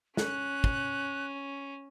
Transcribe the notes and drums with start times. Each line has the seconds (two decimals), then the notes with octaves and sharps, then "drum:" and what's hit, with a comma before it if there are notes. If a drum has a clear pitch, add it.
0.17 C#4 F#6, drum: snare
0.64 drum: kick